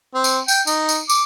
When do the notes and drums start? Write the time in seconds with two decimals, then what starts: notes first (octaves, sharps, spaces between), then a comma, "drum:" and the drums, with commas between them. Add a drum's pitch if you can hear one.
0.14 C4
0.24 drum: tambourine
0.48 G5, drum: tambourine
0.67 D#4, drum: tambourine
0.89 drum: tambourine
1.09 D6, drum: tambourine